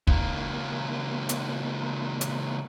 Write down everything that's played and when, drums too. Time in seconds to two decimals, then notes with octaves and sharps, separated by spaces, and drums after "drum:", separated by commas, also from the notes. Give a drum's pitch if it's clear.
0.07 C#2 A#3, drum: kick
1.29 drum: hi-hat
2.21 drum: hi-hat